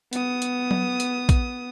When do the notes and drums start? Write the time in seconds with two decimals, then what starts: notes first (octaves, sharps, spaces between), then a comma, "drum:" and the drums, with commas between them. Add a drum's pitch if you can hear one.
0.13 B3 D#6, drum: hi-hat
0.42 drum: hi-hat
0.71 drum: tom F#3
1.00 drum: hi-hat
1.29 drum: kick, hi-hat